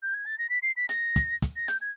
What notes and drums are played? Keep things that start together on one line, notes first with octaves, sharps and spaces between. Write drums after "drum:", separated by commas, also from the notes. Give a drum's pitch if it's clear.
G6
G#6
A6
A#6
B6
C7
B6
A#6, drum: hi-hat
drum: kick, hi-hat
drum: kick, hi-hat
A#6
G6, drum: hi-hat
G#6